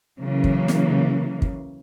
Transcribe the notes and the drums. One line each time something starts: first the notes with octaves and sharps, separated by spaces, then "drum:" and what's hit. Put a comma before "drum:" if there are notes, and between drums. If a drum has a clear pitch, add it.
C#3 E3 F#3 A#3
drum: kick
drum: snare
drum: kick